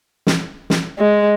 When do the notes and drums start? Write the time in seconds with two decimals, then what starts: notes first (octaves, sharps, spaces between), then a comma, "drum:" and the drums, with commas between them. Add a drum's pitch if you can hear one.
0.27 drum: snare
0.70 drum: snare
0.99 G#3